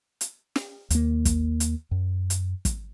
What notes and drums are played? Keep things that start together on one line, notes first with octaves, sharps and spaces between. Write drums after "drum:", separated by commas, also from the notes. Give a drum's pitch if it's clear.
drum: hi-hat
drum: snare
D#2 A#3, drum: hi-hat
drum: kick, hi-hat
drum: hi-hat
F#2
drum: hi-hat
drum: kick, hi-hat